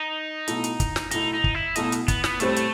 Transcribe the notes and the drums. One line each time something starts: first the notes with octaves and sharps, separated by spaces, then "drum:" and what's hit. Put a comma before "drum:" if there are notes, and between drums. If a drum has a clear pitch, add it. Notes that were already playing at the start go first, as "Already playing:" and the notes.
Already playing: D#4
B1 B2 A3 E4, drum: hi-hat
drum: hi-hat
drum: kick, hi-hat
drum: snare
B1 B2 A3 D#4 E4, drum: hi-hat
D#4
drum: kick
E4
B1 B2 A3 D#4 E4, drum: hi-hat
drum: hi-hat
B3, drum: kick, hi-hat
B3, drum: snare
A2 G3 A3 C4, drum: hi-hat
drum: hi-hat